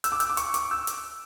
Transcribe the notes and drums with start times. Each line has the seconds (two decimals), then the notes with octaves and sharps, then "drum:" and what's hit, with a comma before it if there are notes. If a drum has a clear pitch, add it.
0.04 E6, drum: hi-hat
0.12 D6
0.20 E6, drum: hi-hat
0.30 D6
0.37 C#6, drum: hi-hat
0.54 D6, drum: hi-hat
0.71 E6
0.87 drum: hi-hat